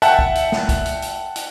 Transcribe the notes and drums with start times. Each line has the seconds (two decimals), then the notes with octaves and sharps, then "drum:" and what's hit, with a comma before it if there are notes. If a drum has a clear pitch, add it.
0.02 E5 F#5 G5 A5, drum: hi-hat
0.19 drum: kick
0.35 drum: hi-hat
0.52 drum: snare
0.69 drum: kick, hi-hat
0.85 drum: hi-hat
1.02 drum: hi-hat
1.36 drum: hi-hat